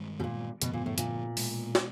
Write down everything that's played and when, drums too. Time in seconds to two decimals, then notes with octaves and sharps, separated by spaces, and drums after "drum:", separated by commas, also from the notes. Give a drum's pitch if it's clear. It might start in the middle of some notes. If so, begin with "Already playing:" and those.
Already playing: G2 D#3 G#3
0.20 B2
0.24 A#2
0.62 G2 B2 D3 F3 A3, drum: hi-hat
0.73 A#2
0.86 A2
0.98 A#2, drum: hi-hat
1.37 B2 G#3 B3, drum: open hi-hat
1.75 drum: snare